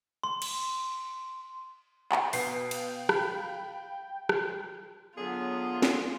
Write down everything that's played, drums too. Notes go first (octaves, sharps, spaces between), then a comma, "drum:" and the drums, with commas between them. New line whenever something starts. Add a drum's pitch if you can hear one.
C6
drum: cymbal
G5, drum: clap
B2 F5 C7, drum: open hi-hat
drum: cymbal
B5, drum: rim click
drum: rim click
D3 F#3 B3 F4 G#4
drum: snare